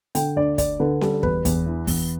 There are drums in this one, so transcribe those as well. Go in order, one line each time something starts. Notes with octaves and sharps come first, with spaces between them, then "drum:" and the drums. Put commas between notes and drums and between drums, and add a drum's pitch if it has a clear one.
D3 G5, drum: hi-hat
D2 D5
D2 D5, drum: kick, hi-hat
D3 B4
G3 A4, drum: snare C#4
E2 B4, drum: kick
E2, drum: kick, hi-hat
E3
E2, drum: kick, open hi-hat